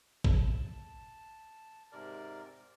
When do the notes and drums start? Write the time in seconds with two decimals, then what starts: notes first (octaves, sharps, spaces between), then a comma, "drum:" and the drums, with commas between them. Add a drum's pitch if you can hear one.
0.24 A5, drum: kick G#1
1.92 G#2 C3 A#4 D5